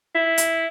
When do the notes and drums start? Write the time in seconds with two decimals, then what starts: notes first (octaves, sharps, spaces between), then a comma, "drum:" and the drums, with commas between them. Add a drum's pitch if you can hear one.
0.15 E4
0.38 drum: hi-hat